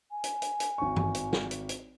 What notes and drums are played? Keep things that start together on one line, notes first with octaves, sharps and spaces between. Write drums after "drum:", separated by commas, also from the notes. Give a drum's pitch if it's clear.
G#5
drum: hi-hat
drum: hi-hat
drum: hi-hat
G#1 C#6
drum: tom G2
drum: hi-hat
drum: snare
drum: hi-hat
drum: hi-hat